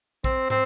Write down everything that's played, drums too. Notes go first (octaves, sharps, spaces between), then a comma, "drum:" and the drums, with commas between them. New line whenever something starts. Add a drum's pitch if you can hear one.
C4, drum: kick
C4, drum: tom